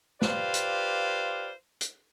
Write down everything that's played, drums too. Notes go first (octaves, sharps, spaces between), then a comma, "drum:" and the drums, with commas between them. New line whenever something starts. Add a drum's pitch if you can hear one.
F4 G4 B4 C5 D5 F5, drum: snare
drum: hi-hat
drum: hi-hat